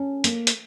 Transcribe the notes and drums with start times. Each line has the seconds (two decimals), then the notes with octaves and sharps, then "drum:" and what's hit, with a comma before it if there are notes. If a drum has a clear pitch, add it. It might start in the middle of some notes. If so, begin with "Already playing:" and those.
Already playing: C#4 A4
0.24 A#3, drum: hi-hat
0.47 drum: hi-hat